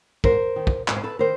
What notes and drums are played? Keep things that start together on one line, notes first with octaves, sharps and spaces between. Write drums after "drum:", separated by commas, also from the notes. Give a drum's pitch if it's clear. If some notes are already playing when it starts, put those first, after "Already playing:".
G#2 A#4 C5, drum: kick
D#3
drum: kick
G#2 B4, drum: clap
C5
A4 B4
D#3 A#4 C5